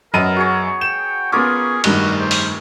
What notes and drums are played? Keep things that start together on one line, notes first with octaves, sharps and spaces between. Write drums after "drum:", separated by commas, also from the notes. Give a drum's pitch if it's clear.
F#2 B3 A#4 D#5 D#7
F#4 G#4 C#5
G5 E7
B3 C#4 F4 G#4 A#4 D6
F1 G2 D#3 F#4, drum: cymbal
C5
drum: open hi-hat